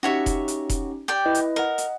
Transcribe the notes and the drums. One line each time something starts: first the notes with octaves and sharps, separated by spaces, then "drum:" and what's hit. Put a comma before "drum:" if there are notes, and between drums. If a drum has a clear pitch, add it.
C#4 D#4 F#4 G4 C#5 E5
drum: kick F1, hi-hat
drum: hi-hat
drum: kick F1, hi-hat
G4 D5 G5
E4 B4 D#5
drum: hi-hat
A#4 D#5 F#5
drum: hi-hat